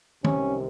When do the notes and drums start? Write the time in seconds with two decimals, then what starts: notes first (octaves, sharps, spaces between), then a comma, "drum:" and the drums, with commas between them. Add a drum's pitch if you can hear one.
0.24 C2 C3 D#3 C#4, drum: tom